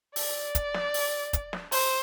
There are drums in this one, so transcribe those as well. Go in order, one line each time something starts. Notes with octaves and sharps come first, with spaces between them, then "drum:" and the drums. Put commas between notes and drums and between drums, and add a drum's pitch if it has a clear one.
D5, drum: open hi-hat
drum: kick, hi-hat
drum: snare
drum: open hi-hat
drum: kick, hi-hat
drum: snare
C5, drum: open hi-hat